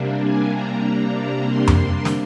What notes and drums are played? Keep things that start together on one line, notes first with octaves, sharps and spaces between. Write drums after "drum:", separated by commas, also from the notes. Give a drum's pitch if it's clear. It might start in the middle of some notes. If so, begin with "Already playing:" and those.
Already playing: C3 G3 A#3 D4
G#5
A#5
A#5
A#5
C6
drum: tom F2
drum: snare